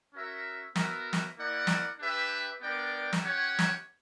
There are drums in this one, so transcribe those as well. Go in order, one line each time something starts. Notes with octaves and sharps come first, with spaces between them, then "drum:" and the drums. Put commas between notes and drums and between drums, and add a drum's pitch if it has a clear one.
C#4 F#4 A#4 E5
B3 F#4 A#4 E5, drum: snare
drum: snare
A#3 E4 A#4 D5 F#5
drum: snare
D4 G4 B4 E5 G5
B3 D4 A#4 D5 G5
drum: snare
C#4 G4 C#5 F#5
drum: snare